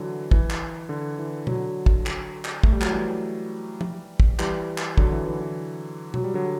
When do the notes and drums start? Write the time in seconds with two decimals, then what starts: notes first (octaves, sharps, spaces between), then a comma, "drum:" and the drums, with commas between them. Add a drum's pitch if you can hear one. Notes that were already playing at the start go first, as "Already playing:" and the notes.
Already playing: D3 E3 F#3
0.31 E3, drum: kick
0.50 drum: clap
0.89 D3
1.19 E3
1.47 D3 F#3, drum: tom B2
1.86 drum: kick
2.06 drum: clap
2.45 drum: clap
2.63 A3, drum: kick
2.73 G3
2.81 F#3, drum: clap
2.91 E3 G3
3.81 drum: tom F3
4.20 drum: kick
4.39 E3 G3, drum: clap
4.78 drum: clap
4.98 D3 F#3, drum: kick
5.13 E3
5.27 E3
5.41 E3
6.14 F#3, drum: tom B2
6.24 G3
6.34 D3 F#3